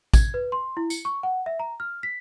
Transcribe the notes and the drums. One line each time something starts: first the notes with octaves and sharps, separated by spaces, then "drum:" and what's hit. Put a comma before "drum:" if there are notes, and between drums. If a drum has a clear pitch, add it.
G#6, drum: kick, tambourine
B4
C6
E4
C#7, drum: tambourine
C#6
F#5
E5
A#5
F6
B6